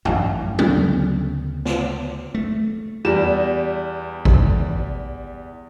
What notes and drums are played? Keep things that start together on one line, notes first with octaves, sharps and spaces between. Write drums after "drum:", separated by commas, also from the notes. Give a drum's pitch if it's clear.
A1 F#2, drum: tom
D2 C#3 A3 B3, drum: tom F#3
drum: snare
A3
E2 G3 E7
drum: kick G#1